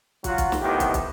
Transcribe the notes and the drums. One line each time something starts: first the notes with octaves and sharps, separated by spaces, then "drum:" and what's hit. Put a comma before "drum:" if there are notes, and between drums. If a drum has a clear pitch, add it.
F#3 F4 F#4, drum: kick, hi-hat
drum: kick, hi-hat
drum: snare
D#2 A2 C3 D#3 B3 G4
drum: kick, hi-hat
drum: kick, hi-hat